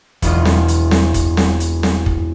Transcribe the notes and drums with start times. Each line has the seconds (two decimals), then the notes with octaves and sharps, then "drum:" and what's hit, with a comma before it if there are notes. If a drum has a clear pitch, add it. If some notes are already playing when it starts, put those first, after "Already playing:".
0.22 E1 E2 B3 F4, drum: kick, hi-hat
0.45 drum: snare C4
0.68 drum: hi-hat
0.91 drum: snare C4
1.14 drum: kick, hi-hat
1.37 drum: snare C4
1.60 drum: hi-hat
1.83 drum: snare C4
2.06 drum: kick